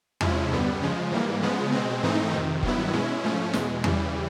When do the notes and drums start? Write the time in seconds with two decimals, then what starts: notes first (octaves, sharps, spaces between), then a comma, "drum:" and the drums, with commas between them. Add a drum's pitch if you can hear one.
0.21 C3 F3 G#3 C#4 E4, drum: tom E2
0.52 F#2 D3 G3 B3
0.82 C#3 F3 G#3
1.11 G#2 E3 G3 A#3
1.42 C#3 F3 G#3 B3
1.72 B2 G#3 C4
2.03 G#2 E3 A3 C4 D#4
2.32 F2 C3 D#3
2.63 G2 D#3 F#3 B3 E4, drum: kick F1
2.93 B2 G#3 C#4 E4
3.24 G#2 F3 A3 C#4
3.53 E2 B2 G#3, drum: snare
3.84 C#3 E3 G3, drum: tom E2